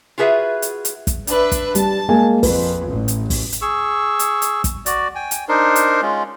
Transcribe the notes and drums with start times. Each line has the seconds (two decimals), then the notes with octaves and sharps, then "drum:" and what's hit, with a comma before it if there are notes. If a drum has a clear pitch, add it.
0.18 F4 F#4 G#4 B4 E5
0.62 drum: hi-hat
0.85 drum: hi-hat
1.07 drum: kick, hi-hat
1.27 D4 B4 E5, drum: hi-hat
1.52 drum: kick, hi-hat
1.75 G3 A5, drum: hi-hat
2.09 G#3 A#3 G#5
2.43 F2 B4, drum: kick, open hi-hat
2.89 A1
3.08 drum: hi-hat
3.30 drum: kick, open hi-hat
3.52 drum: hi-hat
3.62 G#4 C#6 E6
4.19 drum: hi-hat
4.42 drum: hi-hat
4.64 drum: kick, hi-hat
4.86 F#4 D5, drum: hi-hat
5.15 G5 G#5
5.31 drum: hi-hat
5.49 D4 D#4 A#4 C5
5.76 drum: hi-hat
6.02 G#3 C#4 F4